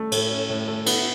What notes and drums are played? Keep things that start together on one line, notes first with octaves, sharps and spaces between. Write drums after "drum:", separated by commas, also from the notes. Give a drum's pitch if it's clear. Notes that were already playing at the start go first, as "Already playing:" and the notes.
Already playing: A3
A2, drum: cymbal
C#4
A2
A3
B3, drum: cymbal